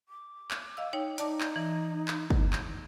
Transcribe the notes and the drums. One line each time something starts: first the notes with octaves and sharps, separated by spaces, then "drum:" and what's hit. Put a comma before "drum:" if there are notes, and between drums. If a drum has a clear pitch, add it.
D6
drum: clap
D#5 F5 E6
D#4 C#5 G5
D#4 D5 A5 D6, drum: hi-hat
drum: clap
E3
drum: clap
drum: kick
drum: clap